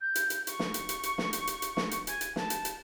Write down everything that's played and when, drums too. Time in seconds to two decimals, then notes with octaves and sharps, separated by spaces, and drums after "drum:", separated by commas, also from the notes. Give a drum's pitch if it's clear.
0.01 G6
0.15 drum: hi-hat
0.30 drum: hi-hat
0.47 C#6, drum: hi-hat
0.59 drum: snare
0.74 drum: hi-hat
0.89 drum: hi-hat
1.03 drum: hi-hat
1.18 drum: snare
1.33 drum: hi-hat
1.47 drum: hi-hat
1.62 drum: hi-hat
1.77 drum: snare
1.91 drum: hi-hat
2.07 G#5, drum: hi-hat
2.21 drum: hi-hat
2.36 A5, drum: snare
2.50 drum: hi-hat
2.65 drum: hi-hat